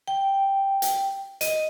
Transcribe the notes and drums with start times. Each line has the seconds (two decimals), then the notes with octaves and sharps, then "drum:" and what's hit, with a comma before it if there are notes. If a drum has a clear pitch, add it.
0.08 G5
0.82 drum: hi-hat
1.41 D#5, drum: hi-hat